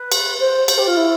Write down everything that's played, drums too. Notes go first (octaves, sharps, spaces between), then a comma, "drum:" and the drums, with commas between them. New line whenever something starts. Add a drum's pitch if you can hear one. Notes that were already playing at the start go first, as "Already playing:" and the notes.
Already playing: B4
drum: cymbal
C5
C5, drum: cymbal
G4
F4
E4